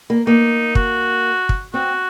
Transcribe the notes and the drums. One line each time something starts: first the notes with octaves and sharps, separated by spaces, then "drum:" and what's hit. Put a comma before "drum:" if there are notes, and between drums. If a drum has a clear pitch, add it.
A#3
A#3 D#4
F#4, drum: kick
drum: kick
C4 F#4